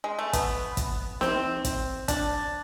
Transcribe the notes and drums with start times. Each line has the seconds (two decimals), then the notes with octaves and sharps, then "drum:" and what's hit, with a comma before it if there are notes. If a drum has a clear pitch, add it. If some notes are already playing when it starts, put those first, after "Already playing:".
0.04 G#3
0.19 A3
0.33 B3, drum: kick, hi-hat
0.77 drum: kick, hi-hat
1.21 C4, drum: snare
1.64 drum: kick, hi-hat
2.08 D4, drum: kick, hi-hat